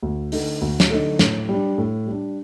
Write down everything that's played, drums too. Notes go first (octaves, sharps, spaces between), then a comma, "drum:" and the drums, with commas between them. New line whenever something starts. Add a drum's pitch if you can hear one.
D2
D3 A3 D#4, drum: open hi-hat
D2
drum: snare
D3 A3 D#4
A2, drum: snare
G3 D4
A2
G3 D4